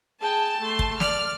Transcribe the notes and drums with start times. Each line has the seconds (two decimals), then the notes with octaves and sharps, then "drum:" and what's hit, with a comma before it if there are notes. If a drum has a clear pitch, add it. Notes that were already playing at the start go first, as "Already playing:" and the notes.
0.21 G#4 G5 A5
0.60 A3 C6
0.79 drum: kick
1.00 D5 F6, drum: snare